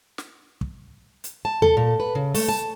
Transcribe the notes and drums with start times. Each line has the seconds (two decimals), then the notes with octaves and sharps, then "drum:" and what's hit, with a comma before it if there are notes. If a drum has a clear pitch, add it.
0.18 drum: snare
0.61 drum: kick
1.24 drum: hi-hat
1.45 A5
1.62 A4, drum: tom D#2
1.77 A#2
2.00 B4
2.15 C#3
2.35 A3, drum: open hi-hat
2.49 A5